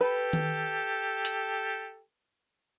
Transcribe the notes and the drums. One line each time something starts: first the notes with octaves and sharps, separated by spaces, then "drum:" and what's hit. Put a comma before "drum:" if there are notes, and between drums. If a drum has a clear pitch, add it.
G4 A4 B4
drum: tom D#3
drum: hi-hat